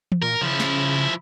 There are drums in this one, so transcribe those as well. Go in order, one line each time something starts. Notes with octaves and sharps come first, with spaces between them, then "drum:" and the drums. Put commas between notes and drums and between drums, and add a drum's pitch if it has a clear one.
drum: tom E3
A#2 A#4
C#3 F3 E4
drum: snare